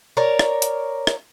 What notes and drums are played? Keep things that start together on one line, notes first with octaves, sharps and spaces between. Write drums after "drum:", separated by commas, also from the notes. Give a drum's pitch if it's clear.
A#4 C#5 D5
drum: rim click
drum: hi-hat
drum: rim click